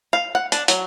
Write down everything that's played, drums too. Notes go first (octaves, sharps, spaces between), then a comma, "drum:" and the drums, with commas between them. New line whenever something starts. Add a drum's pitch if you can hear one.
F5
F#5
D4, drum: hi-hat
F#3, drum: hi-hat